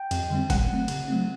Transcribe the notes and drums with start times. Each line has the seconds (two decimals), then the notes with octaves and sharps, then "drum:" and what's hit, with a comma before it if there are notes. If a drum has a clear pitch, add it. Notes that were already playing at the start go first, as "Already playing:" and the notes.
Already playing: G5
0.11 F2, drum: cymbal
0.30 D3 G3 C4
0.50 A#2 F#5, drum: kick, cymbal
0.70 F#3 A3 C4
0.88 C#3, drum: cymbal
1.08 F#3 A3 C4